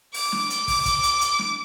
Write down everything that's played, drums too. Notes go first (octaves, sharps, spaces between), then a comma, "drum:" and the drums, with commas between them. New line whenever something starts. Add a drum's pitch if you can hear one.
D6, drum: open hi-hat
drum: snare
D6, drum: hi-hat
drum: kick, open hi-hat
drum: kick, hi-hat
drum: hi-hat
drum: hi-hat
drum: snare